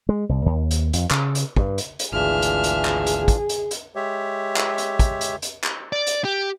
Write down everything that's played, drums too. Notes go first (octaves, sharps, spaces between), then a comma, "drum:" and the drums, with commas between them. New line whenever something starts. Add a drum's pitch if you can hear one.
G#3
C2
D#2
drum: hi-hat
F2, drum: hi-hat
C#3, drum: clap
drum: hi-hat
G2, drum: kick
drum: hi-hat
drum: hi-hat
G#1 D2 E3 D4 F4 G#4 E5 F6
drum: hi-hat
drum: hi-hat
drum: clap
drum: hi-hat
drum: kick, hi-hat
drum: hi-hat
drum: hi-hat
G#3 G4 C#5 E5
drum: clap
drum: hi-hat
drum: kick, hi-hat
drum: hi-hat
drum: hi-hat
drum: clap
D5
drum: hi-hat
G4